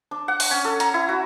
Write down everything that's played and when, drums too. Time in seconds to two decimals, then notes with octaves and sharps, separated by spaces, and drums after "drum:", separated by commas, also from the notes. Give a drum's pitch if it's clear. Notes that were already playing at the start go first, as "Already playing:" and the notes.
0.11 D4
0.28 F#5
0.40 drum: open hi-hat
0.51 C#4
0.65 A4
0.80 A#5, drum: hi-hat
0.94 E4
1.09 F#4